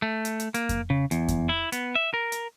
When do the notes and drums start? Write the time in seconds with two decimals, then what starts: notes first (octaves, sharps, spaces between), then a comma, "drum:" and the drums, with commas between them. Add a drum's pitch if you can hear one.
0.02 A3
0.25 drum: hi-hat
0.40 drum: hi-hat
0.54 A#3, drum: hi-hat
0.69 drum: kick F2, hi-hat
0.90 C#3
1.11 E2, drum: hi-hat
1.28 drum: kick F2, hi-hat
1.49 E4
1.72 B3, drum: hi-hat
1.95 E5
2.14 A#4
2.32 drum: hi-hat